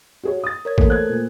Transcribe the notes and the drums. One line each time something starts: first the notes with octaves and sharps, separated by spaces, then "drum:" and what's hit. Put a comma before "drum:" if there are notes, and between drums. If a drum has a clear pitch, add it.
F#4 G#4 C#5
D#6 A6
A#4 C#5 G#6
D#2 E3 A3 A4 A#4, drum: kick A1
C5 F#6 G#6
A#2